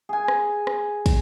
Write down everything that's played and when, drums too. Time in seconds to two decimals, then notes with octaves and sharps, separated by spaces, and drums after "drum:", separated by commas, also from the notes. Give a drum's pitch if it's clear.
0.09 G#4 G#5
0.28 drum: rim click
0.67 drum: rim click
1.06 drum: kick, cymbal